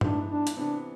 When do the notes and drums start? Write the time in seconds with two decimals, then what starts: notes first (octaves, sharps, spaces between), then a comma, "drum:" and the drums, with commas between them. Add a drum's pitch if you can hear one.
0.01 G#2 E3 B3 D4 E4, drum: tom G2
0.29 D4
0.47 drum: hi-hat
0.57 C3 E3 B3 D4